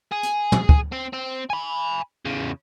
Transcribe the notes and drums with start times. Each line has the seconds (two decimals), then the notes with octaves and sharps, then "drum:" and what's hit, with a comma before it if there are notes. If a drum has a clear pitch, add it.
0.12 G#4
0.23 drum: hi-hat
0.52 drum: tom
0.69 drum: kick
0.92 C4
1.13 C4
1.50 G#5 B5
2.26 E2 C#3